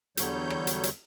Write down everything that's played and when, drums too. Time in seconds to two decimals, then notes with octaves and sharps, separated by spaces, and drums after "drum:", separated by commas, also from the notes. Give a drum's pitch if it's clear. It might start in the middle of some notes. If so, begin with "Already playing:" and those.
0.17 E2 D3 F#3 G3 C#5 G6, drum: hi-hat
0.50 drum: rim click
0.67 drum: hi-hat
0.83 drum: hi-hat